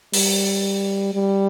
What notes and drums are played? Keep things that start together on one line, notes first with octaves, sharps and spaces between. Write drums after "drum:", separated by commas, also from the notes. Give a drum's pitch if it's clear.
G3, drum: open hi-hat
G3